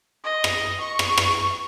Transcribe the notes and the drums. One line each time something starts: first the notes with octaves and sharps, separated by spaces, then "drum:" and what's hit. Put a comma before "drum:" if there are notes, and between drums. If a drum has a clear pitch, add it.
D#5
drum: rim click
C#6
drum: rim click
drum: rim click